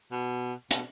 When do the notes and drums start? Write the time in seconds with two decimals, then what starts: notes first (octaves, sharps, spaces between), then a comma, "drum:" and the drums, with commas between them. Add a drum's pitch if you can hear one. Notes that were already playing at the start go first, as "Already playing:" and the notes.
0.11 B2
0.71 B2, drum: hi-hat